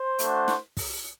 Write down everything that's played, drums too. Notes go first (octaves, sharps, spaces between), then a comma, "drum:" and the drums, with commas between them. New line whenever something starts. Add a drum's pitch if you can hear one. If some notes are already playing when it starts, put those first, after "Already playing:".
Already playing: C5
A3 D4 F#4, drum: hi-hat
drum: snare
drum: kick, open hi-hat